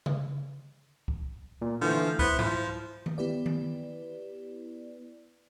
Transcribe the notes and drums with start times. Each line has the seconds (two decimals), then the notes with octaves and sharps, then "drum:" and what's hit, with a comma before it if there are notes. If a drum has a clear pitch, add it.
0.06 drum: tom C#3
1.08 drum: kick C2
1.62 A#2
1.81 D3 E3 F3 A3
2.19 B3 E4 C5, drum: kick C2
2.39 F3, drum: tom G#2
3.06 drum: tom D#3
3.18 B3 E4 G4 B4 D5
3.46 drum: tom D#3